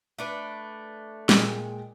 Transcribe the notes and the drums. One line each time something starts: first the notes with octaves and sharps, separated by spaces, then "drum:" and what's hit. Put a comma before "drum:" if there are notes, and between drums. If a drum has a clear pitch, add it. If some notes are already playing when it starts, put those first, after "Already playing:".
A3 D4 B4
A#2 G#3 G5, drum: snare